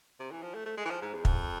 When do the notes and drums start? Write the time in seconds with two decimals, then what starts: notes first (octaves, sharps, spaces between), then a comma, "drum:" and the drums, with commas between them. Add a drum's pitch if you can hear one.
0.20 C3
0.31 E3
0.43 F3
0.54 A3
0.66 A3
0.78 G#3
0.85 E3
0.90 F3
1.02 G#2
1.13 E2
1.25 F2, drum: kick